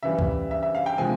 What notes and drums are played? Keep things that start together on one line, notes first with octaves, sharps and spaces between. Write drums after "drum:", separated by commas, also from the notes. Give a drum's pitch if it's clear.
C#3 E3 G3 E5
drum: kick
E5
E5
F5
G5
C3 F3 G#3 C4 G#5